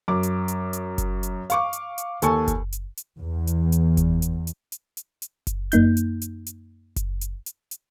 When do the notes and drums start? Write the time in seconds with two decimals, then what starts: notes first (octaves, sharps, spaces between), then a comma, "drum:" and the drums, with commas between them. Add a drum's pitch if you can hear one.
0.08 F#2 D6
0.23 drum: hi-hat
0.48 drum: hi-hat
0.73 drum: hi-hat
0.98 drum: kick F#1, hi-hat
1.23 drum: hi-hat
1.50 F5 C#6 D6, drum: hi-hat
1.73 drum: hi-hat
1.98 drum: hi-hat
2.22 D#2 A4 G#5 C#6, drum: hi-hat
2.48 drum: kick F#1, hi-hat
2.72 drum: hi-hat
2.97 drum: hi-hat
3.18 E2
3.47 drum: hi-hat
3.72 drum: hi-hat
3.97 drum: kick F#1, hi-hat
4.22 drum: hi-hat
4.47 drum: hi-hat
4.72 drum: hi-hat
4.97 drum: hi-hat
5.22 drum: hi-hat
5.47 drum: kick F#1, hi-hat
5.72 F#2 A#3 D#4 G6, drum: hi-hat
5.97 drum: hi-hat
6.22 drum: hi-hat
6.46 drum: hi-hat
6.96 drum: kick F#1, hi-hat
7.21 drum: hi-hat
7.46 drum: hi-hat
7.71 drum: hi-hat